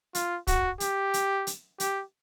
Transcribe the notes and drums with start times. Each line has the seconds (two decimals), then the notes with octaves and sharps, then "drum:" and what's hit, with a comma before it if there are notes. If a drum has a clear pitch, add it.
0.15 F4, drum: hi-hat
0.47 F#4, drum: kick, hi-hat
0.80 G4, drum: hi-hat
1.14 drum: hi-hat
1.47 drum: hi-hat
1.80 G4, drum: hi-hat